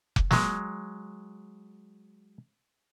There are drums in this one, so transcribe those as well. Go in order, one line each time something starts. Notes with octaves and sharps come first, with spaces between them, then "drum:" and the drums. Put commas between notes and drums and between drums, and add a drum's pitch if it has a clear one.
drum: kick F1
F#3 G#3, drum: snare